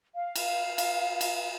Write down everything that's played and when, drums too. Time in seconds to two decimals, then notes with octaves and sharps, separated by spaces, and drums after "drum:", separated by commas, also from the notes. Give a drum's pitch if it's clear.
0.14 F5
0.36 drum: cymbal
0.78 drum: cymbal
1.21 drum: cymbal